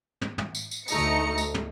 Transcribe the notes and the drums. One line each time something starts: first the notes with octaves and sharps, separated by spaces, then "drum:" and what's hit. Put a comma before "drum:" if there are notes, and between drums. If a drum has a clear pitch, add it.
drum: tom
drum: tom
drum: tambourine
drum: tambourine
D2 A3 D#4 A#5 C#7, drum: tambourine
drum: tambourine
drum: tom